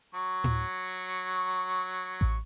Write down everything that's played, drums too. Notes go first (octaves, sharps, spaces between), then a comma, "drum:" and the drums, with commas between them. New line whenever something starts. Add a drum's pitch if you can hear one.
F#3 C#6
drum: tom A2
drum: kick A1